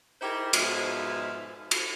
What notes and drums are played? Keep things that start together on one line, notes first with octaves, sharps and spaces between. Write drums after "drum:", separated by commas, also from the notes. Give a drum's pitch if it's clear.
D#4 E4 G4 G#4 A#4 C5
G#2 B2 F3 G#3 E5 F5, drum: cymbal
drum: cymbal